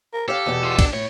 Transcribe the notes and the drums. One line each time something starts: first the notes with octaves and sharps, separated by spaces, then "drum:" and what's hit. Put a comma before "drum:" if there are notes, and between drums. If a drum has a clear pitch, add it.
A#4
G4 A4 C#5 F5
E2 B2
F4 F#4
D4, drum: kick, cymbal
A2 C#5